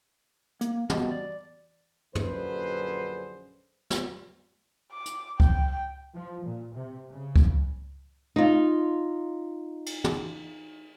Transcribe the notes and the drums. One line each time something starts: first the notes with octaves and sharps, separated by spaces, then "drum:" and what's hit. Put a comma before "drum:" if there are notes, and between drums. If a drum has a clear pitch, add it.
A#3, drum: hi-hat
G2 G3 B3 F#4 D#5 A5, drum: tom
D5
A#1 F#2 D3 G#4 B4 C5, drum: tom
drum: snare
D6
drum: hi-hat
G5, drum: kick C#2
F3
A#2
C3
C#3
drum: kick C#2
D#4 F4
drum: cymbal
drum: tom